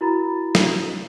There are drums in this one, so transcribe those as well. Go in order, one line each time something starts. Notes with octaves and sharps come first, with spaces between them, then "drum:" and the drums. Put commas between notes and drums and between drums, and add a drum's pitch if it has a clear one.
E4 F#4 A#4 A#5 B5 A6
drum: snare